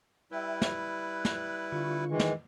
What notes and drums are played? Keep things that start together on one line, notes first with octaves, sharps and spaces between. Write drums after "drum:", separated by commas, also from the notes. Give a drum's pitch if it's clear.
G3 E4 B4 E5 G5
drum: snare
F#6
drum: snare
D3 F4 C#6
D#3 E3 G#3
drum: snare